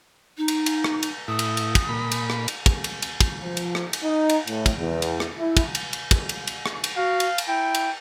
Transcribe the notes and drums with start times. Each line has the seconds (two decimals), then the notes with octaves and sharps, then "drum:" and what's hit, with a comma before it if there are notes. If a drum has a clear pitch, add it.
0.38 D#4
0.48 drum: cymbal
0.66 drum: cymbal
0.84 drum: rim click
1.03 drum: cymbal
1.28 A2 E4 D#6
1.39 drum: cymbal
1.57 drum: cymbal
1.75 drum: kick, cymbal
1.89 A#2 B5
2.12 drum: cymbal
2.30 drum: rim click
2.48 drum: cymbal
2.66 drum: kick, cymbal
2.84 drum: cymbal
3.02 drum: cymbal
3.21 drum: kick, cymbal
3.42 F3
3.57 drum: cymbal
3.75 drum: rim click
3.93 drum: cymbal
4.03 D#4
4.29 drum: cymbal
4.47 A2, drum: cymbal
4.66 drum: kick, cymbal
4.78 E2
5.02 drum: cymbal
5.20 drum: rim click
5.38 E4
5.57 drum: kick, cymbal
5.75 drum: cymbal
5.93 drum: cymbal
6.11 drum: kick, cymbal
6.29 drum: cymbal
6.47 drum: cymbal
6.66 drum: rim click
6.84 drum: cymbal
6.97 F#4 F5
7.20 drum: cymbal
7.38 drum: cymbal
7.48 E4 G5
7.75 drum: cymbal